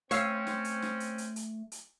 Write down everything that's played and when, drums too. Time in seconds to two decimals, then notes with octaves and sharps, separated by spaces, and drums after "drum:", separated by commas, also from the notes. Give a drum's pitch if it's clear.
0.11 A3 C4 C#4 C#5 F5 E6 C7, drum: hi-hat
0.47 drum: snare
0.65 drum: hi-hat
0.82 drum: snare
1.00 drum: hi-hat
1.18 drum: hi-hat
1.36 drum: hi-hat
1.72 drum: hi-hat